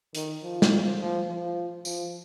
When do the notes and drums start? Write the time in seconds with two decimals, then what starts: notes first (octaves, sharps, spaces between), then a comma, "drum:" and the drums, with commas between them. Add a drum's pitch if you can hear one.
0.15 D#3, drum: hi-hat
0.43 F3
0.62 drum: snare
0.71 F3
1.00 F3
1.28 F3
1.85 F3, drum: tambourine